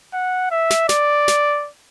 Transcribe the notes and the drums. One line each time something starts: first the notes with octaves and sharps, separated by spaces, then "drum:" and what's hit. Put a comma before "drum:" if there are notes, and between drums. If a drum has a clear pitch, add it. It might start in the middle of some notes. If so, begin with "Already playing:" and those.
F#5
E5
drum: snare
D5, drum: snare
drum: snare